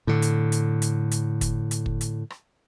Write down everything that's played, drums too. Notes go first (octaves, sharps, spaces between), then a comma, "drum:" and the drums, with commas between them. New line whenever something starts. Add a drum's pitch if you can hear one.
A2 D3
drum: hi-hat
drum: hi-hat
drum: hi-hat
drum: hi-hat
drum: kick, hi-hat
drum: hi-hat
drum: kick
drum: hi-hat
drum: rim click